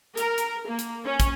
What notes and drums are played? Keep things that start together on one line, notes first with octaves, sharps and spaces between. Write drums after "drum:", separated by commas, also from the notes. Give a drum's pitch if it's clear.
A#4, drum: hi-hat
drum: hi-hat
A#3
drum: hi-hat
C#4
drum: kick, hi-hat